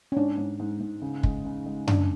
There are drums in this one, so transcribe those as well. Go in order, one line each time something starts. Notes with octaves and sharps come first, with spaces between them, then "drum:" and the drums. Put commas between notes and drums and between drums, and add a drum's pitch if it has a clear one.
C#4
G#2 D4
G#2
G#2
G#2
C#3
G#3, drum: kick
C#3
G#3
C#3 D4, drum: tom F#2